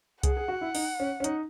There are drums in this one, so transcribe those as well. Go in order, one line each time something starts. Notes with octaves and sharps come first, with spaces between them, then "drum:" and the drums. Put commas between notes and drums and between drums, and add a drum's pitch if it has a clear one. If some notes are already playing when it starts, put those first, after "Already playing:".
G#4 F#5, drum: kick C2, hi-hat
G#4
F#4
E4
D#4, drum: open hi-hat
C#4
C#4
D#4, drum: hi-hat